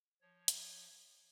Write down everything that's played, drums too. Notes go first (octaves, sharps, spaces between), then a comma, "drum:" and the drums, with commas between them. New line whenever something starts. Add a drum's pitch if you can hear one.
F3 C#5
drum: hi-hat